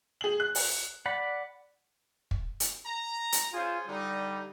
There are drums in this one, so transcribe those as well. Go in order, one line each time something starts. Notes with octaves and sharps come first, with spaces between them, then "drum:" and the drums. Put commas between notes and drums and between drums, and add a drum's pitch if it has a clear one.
G#4 F#7
F#6
drum: open hi-hat
D5 F#5 B5
drum: kick
drum: hi-hat
A#5
drum: hi-hat
C#4 F4 G#4 C5
D3 G3 D#4